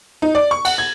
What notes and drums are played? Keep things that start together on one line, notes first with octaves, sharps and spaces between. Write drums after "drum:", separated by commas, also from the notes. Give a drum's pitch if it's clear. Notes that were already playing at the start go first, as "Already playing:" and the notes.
D#4
D5
C#6
F#5, drum: cymbal
G#6